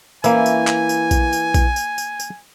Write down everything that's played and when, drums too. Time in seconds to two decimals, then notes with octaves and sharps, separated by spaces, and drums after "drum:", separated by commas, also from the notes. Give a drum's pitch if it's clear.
0.24 E3 A#3 C#4 E4 G#5, drum: tambourine
0.46 drum: tambourine
0.68 drum: clap
0.89 drum: tambourine
1.11 drum: kick A#1, tambourine
1.33 drum: tambourine
1.54 drum: kick A#1, tambourine
1.76 drum: tambourine
1.98 drum: tambourine
2.20 drum: tambourine